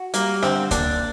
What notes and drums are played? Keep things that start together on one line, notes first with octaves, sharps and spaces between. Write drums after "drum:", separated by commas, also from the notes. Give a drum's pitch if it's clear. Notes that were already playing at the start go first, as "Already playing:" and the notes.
Already playing: F#4
G3 A#3, drum: hi-hat
D3 C4, drum: rim click
A#3 D4, drum: kick D2, hi-hat